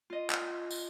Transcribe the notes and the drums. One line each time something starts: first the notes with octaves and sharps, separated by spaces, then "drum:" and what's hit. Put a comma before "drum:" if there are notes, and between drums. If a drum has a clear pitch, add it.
F4 D#5
drum: clap
drum: tambourine